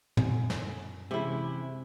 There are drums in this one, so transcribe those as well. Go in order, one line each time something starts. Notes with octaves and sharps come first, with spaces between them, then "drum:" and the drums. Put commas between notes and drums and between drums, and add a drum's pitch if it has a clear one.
F#2 C#4, drum: tom
drum: snare
C3 E3 G#3 C#4 E4